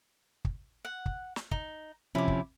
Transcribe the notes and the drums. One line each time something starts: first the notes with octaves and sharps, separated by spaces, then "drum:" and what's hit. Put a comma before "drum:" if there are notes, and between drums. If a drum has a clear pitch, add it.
drum: kick
F#5
drum: kick
drum: snare
D#4, drum: kick
C3 F3 C#4 E4 D6
drum: kick